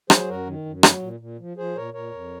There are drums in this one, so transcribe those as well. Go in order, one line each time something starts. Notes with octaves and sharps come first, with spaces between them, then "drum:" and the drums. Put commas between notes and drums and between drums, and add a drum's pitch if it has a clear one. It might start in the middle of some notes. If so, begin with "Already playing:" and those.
F#3 G#4 C5, drum: rim click
F#2 F#4 A#4
D#3
F#2
F#3, drum: rim click
A#2
A#2
F3
F3 G#4 C5
A#2 A#4 C#5
A#2 A#4 C#5
F2